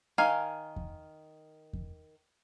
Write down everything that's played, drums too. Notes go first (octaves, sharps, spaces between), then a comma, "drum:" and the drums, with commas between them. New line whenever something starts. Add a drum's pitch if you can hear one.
D#3 F5 G#5
drum: kick E2
drum: kick E2